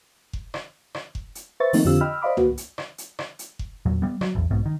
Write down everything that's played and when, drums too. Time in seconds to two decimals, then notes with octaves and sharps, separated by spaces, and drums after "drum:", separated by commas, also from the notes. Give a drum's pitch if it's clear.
0.33 drum: kick F#1
0.54 drum: rim click
0.95 drum: rim click
1.15 drum: kick F#1
1.35 drum: hi-hat
1.60 B4 C5 E5 C#6 A6
1.73 D#3 F3 A3 A#3 C4 D#4, drum: open hi-hat
1.85 F2 D3 C4 F4 G4 E6
2.01 D#5 G5 B5 E6 F6
2.22 C5 D5 D#5 F5 B5 D6
2.37 A#3 F#4 B4, drum: tom C#2
2.57 drum: hi-hat
2.78 drum: rim click
2.98 drum: hi-hat
3.19 drum: rim click
3.39 drum: hi-hat
3.59 drum: kick F#1
3.86 E2 A#2 F#3
4.02 G3 B3
4.21 F#3, drum: rim click
4.35 A1 E2
4.51 B1 G#2 B2
4.66 D#3